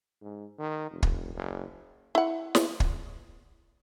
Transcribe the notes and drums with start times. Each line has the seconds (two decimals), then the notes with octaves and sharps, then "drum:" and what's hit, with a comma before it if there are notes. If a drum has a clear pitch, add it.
0.21 G#2
0.59 D#3
0.91 F1
1.03 drum: kick
1.35 F#1
2.15 E4 F#5
2.55 drum: snare
2.80 drum: kick